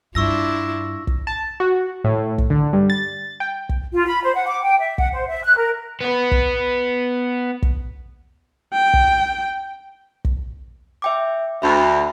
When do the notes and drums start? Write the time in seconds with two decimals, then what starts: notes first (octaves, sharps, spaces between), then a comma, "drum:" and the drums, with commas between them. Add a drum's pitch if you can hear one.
0.15 G2 D4 E4 F4 C#6 E6 A#6
1.07 drum: kick
1.27 A5
1.60 F#4
2.04 A2
2.38 drum: kick
2.50 D3
2.73 G2
2.90 A6
3.40 G5
3.69 drum: kick
3.93 F4
4.07 B5
4.23 C5
4.35 F#5
4.47 D6
4.64 G5
4.79 E5
4.98 F#5, drum: kick
5.13 C5
5.29 E5
5.44 F#6
5.57 A#4
6.01 B3 B4
6.31 drum: kick
7.62 drum: kick
8.73 G5
8.94 drum: kick
10.25 drum: kick
11.02 E5 G5 D6
11.62 D2 E5 B5